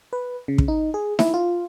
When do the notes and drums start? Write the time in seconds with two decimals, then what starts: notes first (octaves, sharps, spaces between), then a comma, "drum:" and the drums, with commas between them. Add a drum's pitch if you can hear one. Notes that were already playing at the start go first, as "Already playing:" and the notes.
0.13 B4
0.48 C#3
0.58 drum: kick
0.68 D#4
0.94 G#4
1.19 E4, drum: snare D#4
1.34 F4